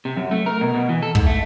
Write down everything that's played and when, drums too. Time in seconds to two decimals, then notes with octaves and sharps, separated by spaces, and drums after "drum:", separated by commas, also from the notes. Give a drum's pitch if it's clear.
0.05 C3
0.16 F#2
0.31 A3
0.46 A#4
0.61 B2
0.74 B2
0.89 E3
1.02 A4
1.15 G#2, drum: kick
1.26 A3